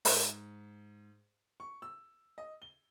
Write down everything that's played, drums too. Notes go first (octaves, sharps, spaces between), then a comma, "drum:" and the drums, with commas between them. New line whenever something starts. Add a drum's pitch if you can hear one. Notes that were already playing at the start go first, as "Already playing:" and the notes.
G#2, drum: open hi-hat
C#6
E6
D#5
G7